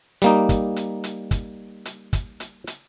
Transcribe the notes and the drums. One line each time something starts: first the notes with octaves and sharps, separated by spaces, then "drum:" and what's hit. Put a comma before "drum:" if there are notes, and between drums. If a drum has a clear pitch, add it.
G3 A#3 D#4, drum: hi-hat
drum: kick, hi-hat
drum: hi-hat
drum: hi-hat
drum: kick, hi-hat
drum: hi-hat
drum: kick, hi-hat
drum: hi-hat
drum: hi-hat